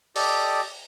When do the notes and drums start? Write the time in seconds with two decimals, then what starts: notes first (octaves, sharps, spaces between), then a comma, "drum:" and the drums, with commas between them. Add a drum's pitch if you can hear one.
0.16 G4 A4 D5 D#5, drum: open hi-hat